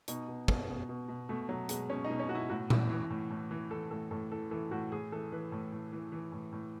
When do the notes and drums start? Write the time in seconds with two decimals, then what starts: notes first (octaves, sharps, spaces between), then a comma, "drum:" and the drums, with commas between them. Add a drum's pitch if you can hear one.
0.08 B2 D#4, drum: hi-hat
0.28 B2
0.48 B2, drum: kick
0.68 B2
0.89 B2
1.08 B2
1.29 B2 A3
1.49 B2 F#3
1.69 B2 G#3, drum: hi-hat
1.90 B2 C#4
2.05 D#4
2.10 B2
2.19 C#4
2.29 B2 F#4
2.35 E4
2.49 A2 F#4
2.70 E3, drum: tom A#2
2.90 E3
3.10 A2
3.31 A2
3.51 E3
3.71 E3 A4
3.91 A2 A4
4.11 A2 A4
4.32 E3 A4
4.51 E3 A4
4.71 A2 F#4
4.92 A2 G#4
5.12 E3 A4
5.32 E3 B4
5.52 A2
5.72 A2
5.92 E3
6.12 E3
6.32 A2
6.52 A2